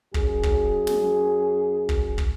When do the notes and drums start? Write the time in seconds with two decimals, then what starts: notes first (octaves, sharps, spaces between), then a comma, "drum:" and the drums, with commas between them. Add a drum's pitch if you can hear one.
0.14 F#2 F#4 G#4, drum: kick
0.43 drum: kick
0.87 drum: snare
1.89 drum: kick
2.18 drum: kick